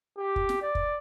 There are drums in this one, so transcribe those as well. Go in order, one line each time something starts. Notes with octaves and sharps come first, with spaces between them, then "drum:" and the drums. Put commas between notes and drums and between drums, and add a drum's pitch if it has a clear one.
G4
drum: kick
drum: snare
D5
drum: kick